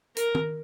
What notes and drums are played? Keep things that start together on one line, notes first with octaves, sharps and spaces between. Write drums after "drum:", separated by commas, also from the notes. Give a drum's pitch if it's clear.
A#4, drum: hi-hat
drum: tom